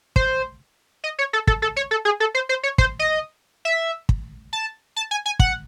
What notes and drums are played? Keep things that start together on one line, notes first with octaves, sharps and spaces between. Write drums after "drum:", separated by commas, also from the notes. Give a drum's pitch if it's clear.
C5, drum: kick
D#5
C#5
A4
A4, drum: kick
A4
C#5
A4
G#4
A4
C5
C5
C#5
C5, drum: kick
D#5
E5
drum: kick
A5
A5
G#5
G#5
F#5, drum: kick